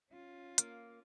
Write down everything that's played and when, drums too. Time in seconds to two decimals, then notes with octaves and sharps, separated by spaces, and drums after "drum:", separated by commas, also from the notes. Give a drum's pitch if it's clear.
0.11 C#4 F4
0.58 A#3, drum: hi-hat